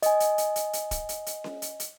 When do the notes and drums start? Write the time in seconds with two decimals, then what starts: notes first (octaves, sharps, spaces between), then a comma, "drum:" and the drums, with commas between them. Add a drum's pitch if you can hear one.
0.03 D#5 G#5, drum: hi-hat
0.20 drum: hi-hat
0.38 drum: hi-hat
0.56 drum: hi-hat
0.73 drum: hi-hat
0.91 drum: kick, hi-hat
1.09 drum: hi-hat
1.26 drum: hi-hat
1.44 drum: snare C#4
1.62 drum: hi-hat
1.80 drum: hi-hat